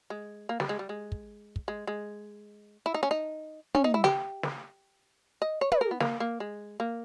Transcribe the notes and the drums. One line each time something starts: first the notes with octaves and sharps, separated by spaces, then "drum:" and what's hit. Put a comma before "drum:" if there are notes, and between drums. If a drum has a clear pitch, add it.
G#3
A#3
G3, drum: snare
G#3
G3
G#3
drum: kick
drum: kick
G#3
G#3
E4
D#4
C#4
D#4
C#4, drum: tom
D#4
E4
G4, drum: snare
drum: snare
D#5
C#5
B4, drum: tom
A#4
B3
A#3, drum: snare
A#3
G#3
A#3